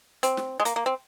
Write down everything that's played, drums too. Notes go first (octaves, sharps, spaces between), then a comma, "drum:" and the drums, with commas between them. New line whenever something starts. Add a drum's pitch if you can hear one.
C4, drum: hi-hat
drum: snare
G#3
A#3, drum: hi-hat
A#3
C4